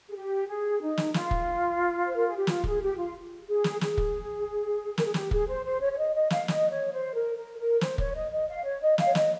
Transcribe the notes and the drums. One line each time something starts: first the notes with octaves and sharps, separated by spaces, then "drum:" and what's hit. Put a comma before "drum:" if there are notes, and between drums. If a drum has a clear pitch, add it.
G#4
G4
G#4
D#4
drum: snare
F4, drum: snare
drum: kick
C5
A#4
G#4
G4
F4, drum: snare
G#4, drum: kick
G4
F4
G#4
drum: snare
G#4, drum: snare
drum: kick
A#4, drum: snare
G#4
G4, drum: snare
G#4, drum: kick
C5
C5
C#5
C#5
D#5
D#5
F5, drum: snare
D#5, drum: snare
C#5
C5
A#4
A#4
A#4
C5, drum: snare
C#5, drum: kick
D#5
D#5
F5
C#5
D#5
F5, drum: snare
C#5
D#5, drum: snare